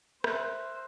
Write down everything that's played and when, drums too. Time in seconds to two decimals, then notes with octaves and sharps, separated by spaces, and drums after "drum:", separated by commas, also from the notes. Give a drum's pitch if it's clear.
0.24 A#4 C5 E5 F#6, drum: rim click